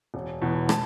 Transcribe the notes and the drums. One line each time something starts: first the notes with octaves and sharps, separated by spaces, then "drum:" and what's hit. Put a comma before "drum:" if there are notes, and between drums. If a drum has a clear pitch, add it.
E1
E2 B2
A5, drum: rim click